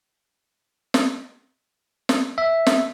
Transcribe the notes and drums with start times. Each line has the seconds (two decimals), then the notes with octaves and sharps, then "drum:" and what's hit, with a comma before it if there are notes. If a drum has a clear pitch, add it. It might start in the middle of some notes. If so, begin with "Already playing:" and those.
0.94 drum: snare
2.09 drum: snare
2.38 E5
2.67 drum: snare